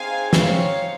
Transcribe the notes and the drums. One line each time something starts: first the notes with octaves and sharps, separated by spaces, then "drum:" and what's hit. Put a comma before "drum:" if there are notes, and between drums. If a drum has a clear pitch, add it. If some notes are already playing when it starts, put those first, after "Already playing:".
Already playing: C4 D#4 G#4 F5 G#5
C#5 F5, drum: snare